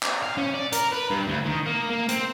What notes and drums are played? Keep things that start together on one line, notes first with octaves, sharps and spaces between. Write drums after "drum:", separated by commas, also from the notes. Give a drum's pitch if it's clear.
drum: clap
F5
C#4
D5
A#4, drum: hi-hat
B4
G2
D2
D#3
A#3
A#3
C4, drum: hi-hat